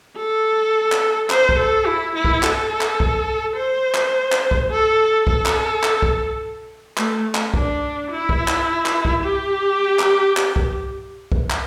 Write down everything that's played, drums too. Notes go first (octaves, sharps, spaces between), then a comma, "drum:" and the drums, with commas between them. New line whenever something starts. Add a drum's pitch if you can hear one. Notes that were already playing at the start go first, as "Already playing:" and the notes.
A4
drum: clap
C5, drum: clap
drum: kick
A4
E4
E4
drum: kick
A4, drum: clap
drum: clap
drum: kick
C5
drum: clap
drum: clap
drum: kick
A4
A4, drum: kick
drum: clap
drum: clap
drum: kick
A3, drum: clap
drum: clap
D4, drum: kick
E4
drum: kick
drum: clap
drum: clap
drum: kick
G4
drum: clap
drum: clap
drum: kick
drum: kick
drum: clap